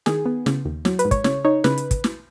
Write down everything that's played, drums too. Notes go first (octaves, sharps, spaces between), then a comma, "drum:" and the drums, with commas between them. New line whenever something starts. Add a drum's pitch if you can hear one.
D#3 G#4, drum: snare
B3
C#3, drum: snare
D#2
F#3, drum: snare
B4, drum: hi-hat
G#2
C#5, drum: kick, hi-hat
C#3 C#5, drum: snare
D#4 C#5
C#3 B4, drum: snare
drum: hi-hat
drum: kick, hi-hat
drum: snare